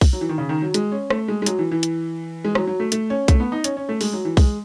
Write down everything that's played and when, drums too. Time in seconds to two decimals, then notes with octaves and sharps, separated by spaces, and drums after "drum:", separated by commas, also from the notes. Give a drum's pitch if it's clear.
0.01 drum: kick B1, open hi-hat
0.13 F#3
0.21 E3
0.29 D#3
0.38 C#3
0.49 D#3
0.62 F#3
0.74 G#3, drum: hi-hat
0.92 C#4
1.10 A3, drum: rim click
1.28 G#3
1.42 G#3
1.46 F#3, drum: hi-hat
1.59 E3
1.71 E3
1.83 drum: hi-hat
2.44 G#3
2.55 F#3, drum: rim click
2.67 F#3
2.80 A3
2.92 A3, drum: hi-hat
3.10 C#4
3.28 A3, drum: kick B1, hi-hat
3.40 B3
3.52 D#4
3.64 C#4, drum: hi-hat
3.77 C#4
3.89 A3
4.01 G#3, drum: open hi-hat
4.13 F#3
4.25 E3
4.37 G#3, drum: kick B1, open hi-hat